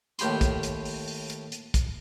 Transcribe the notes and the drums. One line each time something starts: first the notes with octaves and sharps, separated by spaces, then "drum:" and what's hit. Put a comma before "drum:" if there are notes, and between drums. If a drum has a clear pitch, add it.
D#2 A2 G4 B5 C6, drum: hi-hat
drum: kick, hi-hat
drum: hi-hat
drum: open hi-hat
drum: open hi-hat
drum: hi-hat
drum: hi-hat
drum: kick, hi-hat